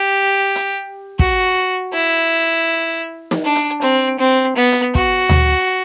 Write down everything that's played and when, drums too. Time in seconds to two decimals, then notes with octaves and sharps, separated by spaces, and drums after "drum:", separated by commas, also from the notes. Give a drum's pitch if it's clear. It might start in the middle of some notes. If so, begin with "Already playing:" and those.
Already playing: G4
0.55 drum: hi-hat
1.19 F#4, drum: kick
1.93 E4
3.31 drum: snare
3.44 D4
3.56 drum: hi-hat
3.82 C4, drum: hi-hat
4.19 C4
4.56 B3
4.72 drum: hi-hat
4.95 F#4, drum: kick
5.29 drum: tom D2